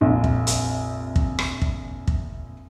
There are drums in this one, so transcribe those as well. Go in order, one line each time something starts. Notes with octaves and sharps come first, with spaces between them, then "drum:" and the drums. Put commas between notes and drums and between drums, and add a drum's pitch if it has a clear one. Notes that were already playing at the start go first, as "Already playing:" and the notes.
F1 A#1 C3
drum: kick
drum: hi-hat
drum: kick
drum: rim click
drum: kick
drum: kick